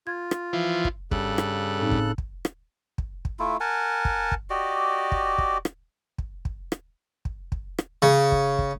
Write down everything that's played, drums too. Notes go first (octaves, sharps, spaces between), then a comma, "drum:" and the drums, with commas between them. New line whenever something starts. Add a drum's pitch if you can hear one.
F4 G#6
drum: rim click
E3 F3
drum: kick
G2 C#3 A4 F#6, drum: kick
drum: rim click
A2 C4 D#4
drum: kick
drum: kick
drum: rim click
drum: kick
drum: kick
A3 E4 F4
A#4 F#5 G#5 A5
drum: kick
drum: kick
F#4 G4 D5 D#5
drum: kick
drum: kick
drum: rim click
drum: kick
drum: kick
drum: rim click
drum: kick
drum: kick
drum: rim click
C#3
drum: kick
drum: kick